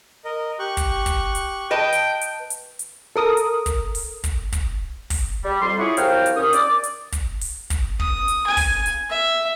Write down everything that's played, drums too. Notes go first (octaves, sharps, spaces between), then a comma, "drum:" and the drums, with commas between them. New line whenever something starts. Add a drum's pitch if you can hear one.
A#4 D#5
G4 C#6 F#6
drum: kick, hi-hat
drum: kick, hi-hat
drum: hi-hat
B4 D#5 G5 A5 D#6
drum: hi-hat
drum: hi-hat
drum: hi-hat
drum: hi-hat
A4 A#4 D#6
drum: hi-hat
drum: kick, hi-hat
drum: open hi-hat
drum: kick, hi-hat
drum: kick, hi-hat
drum: kick, open hi-hat
G3
F2 G3 C6
C#4 E4 F4 G#4 F#5 C#6
C2 F#3 C5 F5 G5, drum: hi-hat
drum: hi-hat
D#2 C#4 D#6
D5, drum: hi-hat
drum: hi-hat
drum: kick, hi-hat
drum: open hi-hat
drum: kick, hi-hat
D#6, drum: kick
drum: hi-hat
G#5
drum: kick, open hi-hat
drum: hi-hat
E5